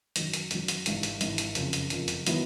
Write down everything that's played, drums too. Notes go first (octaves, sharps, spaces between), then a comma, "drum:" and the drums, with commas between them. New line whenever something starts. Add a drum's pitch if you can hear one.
F#2 D#3 F#3, drum: hi-hat
drum: hi-hat
F#2 D#3 F#3, drum: hi-hat
drum: hi-hat
G#1 G2 E3, drum: hi-hat
drum: hi-hat
G#1 G2 E3, drum: hi-hat
drum: hi-hat
F#1 F2 C#3 F3, drum: hi-hat
drum: hi-hat
F#1 F2 C#3 F3, drum: hi-hat
drum: hi-hat
D#3 F#3 B3 E4, drum: hi-hat